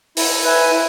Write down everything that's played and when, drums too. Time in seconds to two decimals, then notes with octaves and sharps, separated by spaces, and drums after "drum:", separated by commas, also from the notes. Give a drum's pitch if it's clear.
0.17 E4, drum: open hi-hat
0.43 B4 E5 G#5
0.71 E4